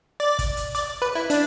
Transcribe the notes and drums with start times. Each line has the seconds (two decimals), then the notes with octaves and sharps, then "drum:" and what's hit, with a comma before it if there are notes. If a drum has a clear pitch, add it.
0.20 D5
0.39 drum: kick, hi-hat
0.57 drum: hi-hat
0.75 D5, drum: hi-hat
1.02 B4
1.15 E4
1.30 D4, drum: hi-hat